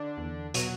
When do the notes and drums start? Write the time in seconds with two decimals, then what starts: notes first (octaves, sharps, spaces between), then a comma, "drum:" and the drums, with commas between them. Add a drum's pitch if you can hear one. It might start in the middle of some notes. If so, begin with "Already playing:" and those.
Already playing: D3 D4
0.17 E2
0.54 B2 F#3 F#4, drum: hi-hat